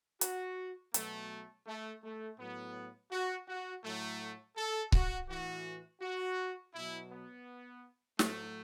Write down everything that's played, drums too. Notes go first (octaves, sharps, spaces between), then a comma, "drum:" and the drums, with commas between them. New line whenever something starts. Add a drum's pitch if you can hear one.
F#4, drum: hi-hat
B2 F#3 A3, drum: hi-hat
A3
A3
A2 F#3 B3
F#4
F#4
A2 F#3 A3
A4
F#4, drum: kick C#1
A2 E3 F#4
F#4
B2 F#3 E4
B3
A2 F#3 A3, drum: snare